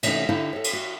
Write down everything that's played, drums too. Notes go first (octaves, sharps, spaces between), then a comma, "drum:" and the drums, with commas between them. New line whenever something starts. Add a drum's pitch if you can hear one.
C3 E3 G3 A3 C#4 D#4, drum: cymbal
D3 D#4 E4 F5 A5
A4 C#5
drum: cymbal
F#4